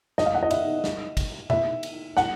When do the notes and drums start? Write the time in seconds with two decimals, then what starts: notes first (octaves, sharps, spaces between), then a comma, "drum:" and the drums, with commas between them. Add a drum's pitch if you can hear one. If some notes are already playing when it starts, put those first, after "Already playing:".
0.18 D#5, drum: snare
0.25 F5
0.34 F#5
0.43 D#5
0.51 E5, drum: cymbal
0.84 drum: snare
1.17 drum: kick, cymbal
1.50 E5, drum: tom B2
1.83 drum: cymbal
2.17 F#5, drum: snare